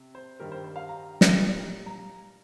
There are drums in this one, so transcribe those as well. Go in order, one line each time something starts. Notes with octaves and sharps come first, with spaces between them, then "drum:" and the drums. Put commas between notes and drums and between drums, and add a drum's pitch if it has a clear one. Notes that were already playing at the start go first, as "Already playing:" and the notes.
Already playing: C3
C5
G2 D#3 G3 A#4
C5
C5
F5
A#5
drum: snare
A#2 G3 A#3 D#4
A#5